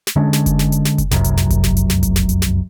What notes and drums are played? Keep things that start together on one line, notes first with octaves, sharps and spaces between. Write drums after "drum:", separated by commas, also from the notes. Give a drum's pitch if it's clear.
drum: snare
D3 G#3 C#4 D4
drum: snare
drum: kick F#1, hi-hat
drum: snare
drum: hi-hat
drum: snare
drum: kick F#1, hi-hat
F1 C2 F#2 F#3, drum: snare
drum: hi-hat
drum: snare
drum: kick F#1, hi-hat
drum: snare
drum: hi-hat
drum: snare
drum: kick F#1, hi-hat
drum: snare
drum: hi-hat
drum: snare